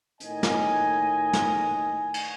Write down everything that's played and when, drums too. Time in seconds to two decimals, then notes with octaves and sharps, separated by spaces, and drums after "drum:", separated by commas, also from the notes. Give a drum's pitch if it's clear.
0.20 A2 D#3 D#5 G#5, drum: hi-hat
0.43 drum: snare
1.33 drum: snare
2.14 drum: cymbal